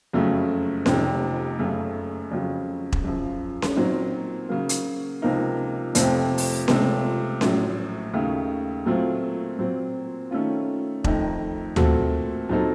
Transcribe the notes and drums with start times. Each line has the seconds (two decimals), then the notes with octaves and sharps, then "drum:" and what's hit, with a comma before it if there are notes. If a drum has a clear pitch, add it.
0.13 F#1 F2 C#3 F#3 A3
0.86 F1 F2 C3 D#3, drum: snare C#4
1.59 F#1 F#2 C#3 A3
2.31 F2 C#3 F#3
2.92 drum: kick E1
3.04 F#2 C#3 F3
3.62 drum: snare C#4
3.76 A#2 F#3 C4 D#4
4.49 C#3 F#3 A#3
4.69 drum: hi-hat
5.22 C#2 C3 F3 A#3 D#4
5.95 F2 C3 F3 A3 C4, drum: hi-hat
6.38 drum: open hi-hat
6.68 C#2 C3 F3 A3, drum: snare C#4
7.41 A#1 A2 F#3, drum: snare C#4
8.14 D#2 C#3 A3
8.86 A#2 F#3 A3 C4 F4
9.59 A#2 F#3 C4
10.31 D#3 A3 C#4 F4
11.04 F2 D#3 A3 D#4, drum: kick E1
11.76 A#2 A3 C4 F#4 A4, drum: tom D2
12.49 A#2 F#3 C4 D#4 A4